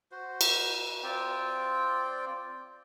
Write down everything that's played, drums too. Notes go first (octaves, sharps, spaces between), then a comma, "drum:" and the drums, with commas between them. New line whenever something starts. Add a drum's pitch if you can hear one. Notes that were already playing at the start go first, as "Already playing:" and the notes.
F#4 C5
drum: cymbal
C4 F4 D5 G5